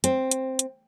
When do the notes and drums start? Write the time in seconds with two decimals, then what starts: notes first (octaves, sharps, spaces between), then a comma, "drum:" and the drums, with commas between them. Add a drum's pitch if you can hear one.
0.04 C4, drum: hi-hat
0.31 drum: hi-hat
0.59 drum: hi-hat